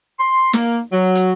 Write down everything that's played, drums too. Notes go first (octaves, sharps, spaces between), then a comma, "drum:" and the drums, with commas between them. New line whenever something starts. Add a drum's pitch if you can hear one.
C6
A#3, drum: snare
F#3
drum: hi-hat